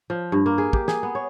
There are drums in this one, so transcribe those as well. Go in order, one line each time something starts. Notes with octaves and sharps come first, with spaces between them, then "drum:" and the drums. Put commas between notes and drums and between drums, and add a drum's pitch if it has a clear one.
F3
G2
A#3
G#4
G4, drum: kick
G#4, drum: snare
B3
C#5